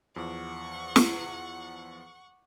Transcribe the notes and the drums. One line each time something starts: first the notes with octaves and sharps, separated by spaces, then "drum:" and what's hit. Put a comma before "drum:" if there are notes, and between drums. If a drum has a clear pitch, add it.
E2 F3 F#5 C#6 D6
drum: snare